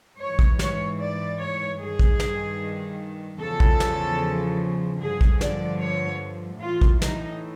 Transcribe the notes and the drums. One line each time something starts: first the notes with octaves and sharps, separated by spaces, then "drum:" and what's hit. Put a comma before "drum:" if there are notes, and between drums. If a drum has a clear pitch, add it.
G#2 E3 C#5
drum: kick
C#5, drum: snare
D5
C#5
G2 D#3 G#4
drum: kick
drum: snare
E2 C#3 F3 A4
drum: kick
drum: snare
G2 D3 F3 G#4
drum: kick
D5, drum: snare
C#5
A2 E3 F4
drum: kick
D#4, drum: snare